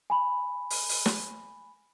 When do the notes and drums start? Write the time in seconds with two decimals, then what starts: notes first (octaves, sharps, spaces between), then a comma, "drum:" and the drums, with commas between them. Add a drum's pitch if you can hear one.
0.10 G#5 B5
0.70 drum: open hi-hat
0.89 drum: open hi-hat
1.06 drum: snare